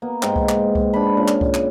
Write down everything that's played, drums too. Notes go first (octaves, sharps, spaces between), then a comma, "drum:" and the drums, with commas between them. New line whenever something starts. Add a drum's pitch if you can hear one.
A#3 B3
G#2 G5, drum: clap
drum: kick C2
drum: clap
drum: kick C2
D4 B5
A#2 C#3
drum: clap
drum: kick C2
drum: clap